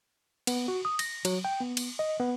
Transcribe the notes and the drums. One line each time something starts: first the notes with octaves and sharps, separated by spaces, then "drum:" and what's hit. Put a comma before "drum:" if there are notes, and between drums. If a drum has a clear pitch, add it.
B3, drum: cymbal
F#4
D#6
A#6, drum: cymbal
F#3, drum: cymbal
G5
B3
drum: cymbal
D#5
B3